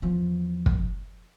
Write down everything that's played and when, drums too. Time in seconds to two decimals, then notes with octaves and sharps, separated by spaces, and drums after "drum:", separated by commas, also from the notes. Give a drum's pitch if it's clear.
0.02 E2 F3
0.66 drum: kick